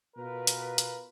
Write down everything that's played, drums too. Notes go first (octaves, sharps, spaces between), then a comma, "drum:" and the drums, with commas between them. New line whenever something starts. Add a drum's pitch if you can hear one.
B2 F4 A#4 B4
drum: hi-hat
drum: hi-hat